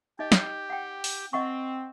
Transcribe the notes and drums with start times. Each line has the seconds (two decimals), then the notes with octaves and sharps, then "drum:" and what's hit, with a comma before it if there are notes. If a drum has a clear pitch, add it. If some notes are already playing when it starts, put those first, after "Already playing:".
0.19 D#4 G4 D#5
0.32 drum: snare
0.70 F#5 G5
1.04 drum: open hi-hat
1.33 C4 D#5 F#5 C#6